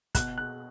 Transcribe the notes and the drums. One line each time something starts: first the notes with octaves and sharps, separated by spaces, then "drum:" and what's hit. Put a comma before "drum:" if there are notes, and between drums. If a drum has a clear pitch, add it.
B2 F#6, drum: kick, hi-hat
F#6